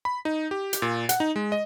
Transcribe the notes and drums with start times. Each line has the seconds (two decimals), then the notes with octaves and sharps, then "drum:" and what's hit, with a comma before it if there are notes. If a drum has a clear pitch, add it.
0.05 B5
0.25 D#4
0.51 G4
0.73 drum: hi-hat
0.82 A#2
1.09 F#5, drum: hi-hat
1.20 D#4
1.36 G#3
1.52 D#5